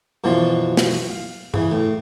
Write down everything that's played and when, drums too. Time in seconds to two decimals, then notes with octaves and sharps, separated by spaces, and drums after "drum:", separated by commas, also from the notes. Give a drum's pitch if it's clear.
0.24 F#2 B2 E3 F3 D4 F4
0.77 drum: snare
0.91 drum: open hi-hat
1.10 F5
1.54 C#3 E3, drum: tom G2
1.72 A2